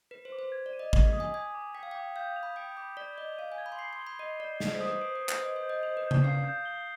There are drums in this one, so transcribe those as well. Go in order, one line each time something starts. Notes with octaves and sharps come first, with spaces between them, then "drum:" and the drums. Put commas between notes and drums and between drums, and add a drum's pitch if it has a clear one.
B4 B6
C5
D6
C5
G#6
D5
D#7
D#5
D#5 B6, drum: kick
D#6
G#5
G#5 G#6
D6
G5 B6
F5
G5 D6
F5 G6
F7
B5
G5 D7
B5 D6
D5 B6
D#5 G7
F5 D#7
G#5
G#6
B5
C6
B5 C7
C6
G7
B5
D#5 D#7
D5 G6
D#5 B6, drum: snare
C5
D#6
B4
C5 D7
B4
D#6
C5, drum: clap
D#5 D7
C5
G6
D#5
C5 F7
B4
G6
D5, drum: tom C#3
F5 C7
G6
G7